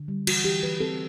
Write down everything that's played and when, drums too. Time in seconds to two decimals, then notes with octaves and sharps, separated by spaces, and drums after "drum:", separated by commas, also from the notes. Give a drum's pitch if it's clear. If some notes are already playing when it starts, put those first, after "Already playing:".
Already playing: D3
0.08 G3
0.27 E3 F#4, drum: cymbal
0.44 E3 G4
0.63 E3 B4
0.81 C4 A4